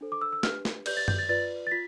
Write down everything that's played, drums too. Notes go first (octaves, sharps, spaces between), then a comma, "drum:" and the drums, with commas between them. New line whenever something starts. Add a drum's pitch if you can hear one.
D4 A4 C5
D6
E6
E6
D4 G4 B4 F6, drum: snare
drum: snare
G4 B4 D5 G6, drum: cymbal
A6
G6, drum: tom
A6
F4 B4 D5 A6
A6
F4 B6